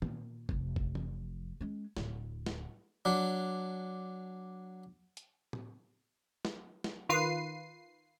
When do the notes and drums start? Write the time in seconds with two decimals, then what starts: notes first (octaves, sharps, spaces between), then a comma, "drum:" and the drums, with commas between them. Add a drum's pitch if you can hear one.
0.02 A#2, drum: tom D#3
0.49 F1 F2, drum: kick
0.76 drum: kick
0.95 drum: tom E3
1.61 G#3 C#4
1.97 D1 D3, drum: snare
2.46 drum: snare
3.05 F#3 D4
5.17 drum: hi-hat
5.53 drum: tom A2
6.45 drum: snare
6.84 drum: snare
7.09 D#3 F4 B4 C7 D#7